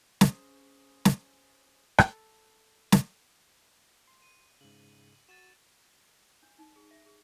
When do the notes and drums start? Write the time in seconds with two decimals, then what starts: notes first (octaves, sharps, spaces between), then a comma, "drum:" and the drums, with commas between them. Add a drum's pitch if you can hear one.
0.21 C#4 G#4 C5, drum: snare
1.05 drum: snare
1.98 A4, drum: rim click
2.92 drum: snare
4.08 C6
4.22 D#7
4.61 G#2 C#3 F#7
5.29 F#4 A6 D#7 E7
6.43 D4
6.59 D#4
6.76 G#4
6.91 E5
7.06 G#4